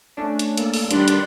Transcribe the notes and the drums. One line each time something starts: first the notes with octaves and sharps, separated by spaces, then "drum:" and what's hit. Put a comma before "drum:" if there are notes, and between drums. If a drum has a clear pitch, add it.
A3 C#4 D4
drum: hi-hat
A#3 A4, drum: hi-hat
drum: open hi-hat
G2 D#3 G3 D5 F#5 B5 C6, drum: hi-hat
drum: hi-hat